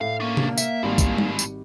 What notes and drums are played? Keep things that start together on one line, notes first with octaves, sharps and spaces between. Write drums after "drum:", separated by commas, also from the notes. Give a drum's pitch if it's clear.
A2 F5
A#3 C#4 D4
drum: tom
E5 F5, drum: tambourine
G#1 A2 G3 G#3
drum: kick, tambourine
drum: tom G3
drum: tambourine